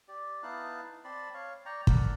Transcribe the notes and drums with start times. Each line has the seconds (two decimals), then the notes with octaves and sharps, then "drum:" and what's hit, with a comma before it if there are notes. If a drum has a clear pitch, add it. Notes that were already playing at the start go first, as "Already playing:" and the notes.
0.08 G4 D5
0.43 B3 D#4 E4 F5 A5 F#6
1.04 C4 D5 A5 B5 C6
1.34 C#5 F5
1.66 D5 G5 A#5 C#6
1.87 A4 A#4 D5 F#5, drum: kick